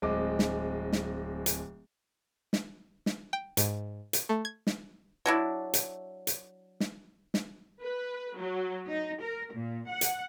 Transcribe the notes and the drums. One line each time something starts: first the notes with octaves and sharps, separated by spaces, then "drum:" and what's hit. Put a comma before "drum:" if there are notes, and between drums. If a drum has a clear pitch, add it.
D1 G#3 C4 D#5 D6
drum: snare
drum: snare
drum: hi-hat
drum: snare
drum: snare
G5
G#2, drum: hi-hat
drum: hi-hat
A3
G#6
drum: snare
F#3 D4 E4
drum: hi-hat
drum: hi-hat
drum: snare
drum: snare
B4
F#3
D#4
A#4
A#2
F#5
drum: hi-hat